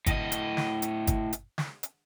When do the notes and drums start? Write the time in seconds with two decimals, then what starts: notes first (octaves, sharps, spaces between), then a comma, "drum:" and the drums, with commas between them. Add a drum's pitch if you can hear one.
0.06 A2 D#5, drum: kick, hi-hat
0.32 drum: hi-hat
0.57 drum: snare
0.82 drum: hi-hat
1.07 drum: kick, hi-hat
1.33 drum: hi-hat
1.58 drum: snare
1.83 drum: hi-hat